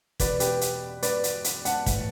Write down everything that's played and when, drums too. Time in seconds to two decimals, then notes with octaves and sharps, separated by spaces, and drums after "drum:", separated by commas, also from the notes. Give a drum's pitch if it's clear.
0.20 E2 B2 B4 D5, drum: kick, hi-hat
0.40 G4 B4, drum: hi-hat
0.61 drum: hi-hat
1.03 B4 D5, drum: hi-hat
1.24 drum: hi-hat
1.44 drum: hi-hat
1.65 F#5 A5, drum: hi-hat
1.86 A2 E3, drum: kick, hi-hat